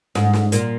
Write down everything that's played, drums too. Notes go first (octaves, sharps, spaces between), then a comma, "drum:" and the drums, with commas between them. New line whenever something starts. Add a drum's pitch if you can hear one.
G#2, drum: snare
drum: snare
A#2, drum: hi-hat